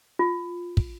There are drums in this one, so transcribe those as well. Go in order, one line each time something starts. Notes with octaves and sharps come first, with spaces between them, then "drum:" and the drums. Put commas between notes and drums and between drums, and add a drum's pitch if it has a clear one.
F4
drum: kick